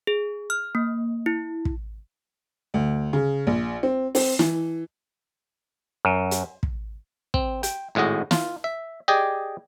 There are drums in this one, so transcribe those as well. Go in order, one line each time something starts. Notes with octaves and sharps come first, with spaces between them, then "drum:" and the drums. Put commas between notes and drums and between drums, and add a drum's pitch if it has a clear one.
G#4
F6
A#3
E4
drum: kick
D2
C#3
A#1
C4
C4, drum: open hi-hat
E3, drum: snare
F#2
drum: hi-hat
drum: kick
C4, drum: kick
G5, drum: hi-hat
G#1 A2 G#3 F#4 D#5
F4, drum: snare
E5
G4 G#4 D5 D#5 G5 G#5